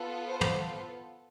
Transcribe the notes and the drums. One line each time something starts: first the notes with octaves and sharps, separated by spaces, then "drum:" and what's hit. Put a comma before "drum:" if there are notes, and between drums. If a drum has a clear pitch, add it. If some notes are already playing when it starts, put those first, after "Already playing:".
Already playing: B3 F4 A4
C5
drum: tom